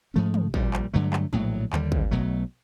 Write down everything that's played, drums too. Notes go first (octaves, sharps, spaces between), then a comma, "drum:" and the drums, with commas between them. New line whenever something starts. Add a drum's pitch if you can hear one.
G#2 F3 A3 C#4
drum: tom
A#1 A#2 G3, drum: kick G#1
drum: clap
G2 D3 F#3 A3
drum: clap
A#1 A2 F#3, drum: tom
D#2 D3 G3, drum: clap
drum: kick G#1
B1 B2 F#3 A3